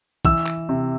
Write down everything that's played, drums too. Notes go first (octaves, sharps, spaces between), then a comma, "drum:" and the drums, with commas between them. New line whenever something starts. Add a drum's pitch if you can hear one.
E3 E6, drum: kick
drum: clap
C3